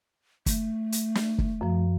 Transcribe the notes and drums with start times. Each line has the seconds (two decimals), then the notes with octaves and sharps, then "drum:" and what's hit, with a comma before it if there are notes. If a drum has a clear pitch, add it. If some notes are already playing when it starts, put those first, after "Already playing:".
0.46 A3, drum: kick, hi-hat
0.92 drum: hi-hat
1.15 drum: snare
1.38 drum: kick
1.61 F#2 F3